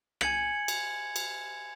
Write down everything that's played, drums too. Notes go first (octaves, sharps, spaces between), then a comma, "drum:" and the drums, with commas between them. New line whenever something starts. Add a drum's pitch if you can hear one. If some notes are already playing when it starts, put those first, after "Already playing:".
G#5 G#6 C#7 F#7, drum: rim click
drum: cymbal
drum: cymbal